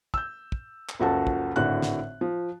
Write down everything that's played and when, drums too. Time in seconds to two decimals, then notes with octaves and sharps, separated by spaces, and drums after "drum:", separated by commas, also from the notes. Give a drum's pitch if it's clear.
0.14 E6 G6, drum: kick
0.52 drum: kick
0.89 drum: clap
1.00 F#1 C#2 F3 F#4 A4 A5
1.27 drum: kick
1.56 G#1 A2 D3 F#4 F#6
1.82 drum: snare
2.21 F3